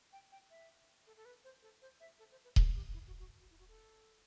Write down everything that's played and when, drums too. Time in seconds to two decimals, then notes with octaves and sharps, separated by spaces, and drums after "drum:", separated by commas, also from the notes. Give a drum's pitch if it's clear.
0.12 G5
0.32 G5
0.50 E5
1.07 A4
1.17 A4
1.25 B4
1.44 C5
1.62 A4
1.82 C5
2.00 E5
2.19 A4
2.31 C5
2.44 B4
2.56 A4, drum: kick D#1
2.75 G4
2.94 E4
3.06 F#4
3.19 F#4
3.40 F#4
3.50 E4
3.59 F#4
3.69 A4